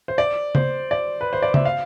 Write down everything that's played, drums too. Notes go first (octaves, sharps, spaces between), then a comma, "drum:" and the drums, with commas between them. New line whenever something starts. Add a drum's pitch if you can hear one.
C5
D5
C5, drum: tom
D5
B4
C5
D5
E5, drum: tom
F5